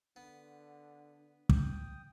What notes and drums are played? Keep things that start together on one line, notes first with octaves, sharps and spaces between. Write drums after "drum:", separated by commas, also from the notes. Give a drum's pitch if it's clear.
D3 B3
A2 G5 D#6, drum: kick